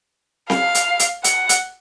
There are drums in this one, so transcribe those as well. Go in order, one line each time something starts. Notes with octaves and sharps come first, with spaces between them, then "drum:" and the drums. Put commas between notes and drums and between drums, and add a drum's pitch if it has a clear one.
F5, drum: snare C4
drum: hi-hat
drum: hi-hat
F#5, drum: hi-hat
drum: hi-hat